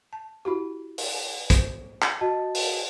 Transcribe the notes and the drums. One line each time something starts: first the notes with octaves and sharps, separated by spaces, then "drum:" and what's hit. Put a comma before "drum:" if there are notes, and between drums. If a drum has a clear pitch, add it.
A5
E4 F#4 G4
drum: open hi-hat
C5, drum: kick, hi-hat
drum: clap
F#4 D#5 A5
drum: open hi-hat